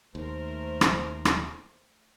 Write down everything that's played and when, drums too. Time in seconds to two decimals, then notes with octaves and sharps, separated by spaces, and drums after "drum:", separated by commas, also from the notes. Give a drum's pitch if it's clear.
0.15 D#2 A3 A#4 C5
0.81 drum: rim click
1.25 drum: rim click